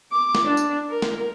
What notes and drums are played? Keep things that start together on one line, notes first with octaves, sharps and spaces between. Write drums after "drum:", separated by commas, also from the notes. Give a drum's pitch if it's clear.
D6
drum: snare
D4
drum: tambourine
A#4
drum: snare